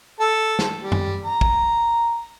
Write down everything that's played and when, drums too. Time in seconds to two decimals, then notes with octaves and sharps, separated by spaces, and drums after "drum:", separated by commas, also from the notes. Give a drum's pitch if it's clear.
0.20 A4
0.59 drum: snare
0.82 G3
0.92 drum: tom F#2
1.25 A#5
1.41 drum: kick